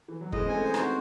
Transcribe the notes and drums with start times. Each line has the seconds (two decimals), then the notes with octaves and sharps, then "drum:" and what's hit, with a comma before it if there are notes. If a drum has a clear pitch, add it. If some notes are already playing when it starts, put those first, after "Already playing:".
0.08 E3
0.21 F#3
0.32 E3 G#3 D#5, drum: kick
0.46 C4
0.49 A3 C#4 G#5
0.64 C5
0.74 C4 D#4, drum: rim click
0.79 F#4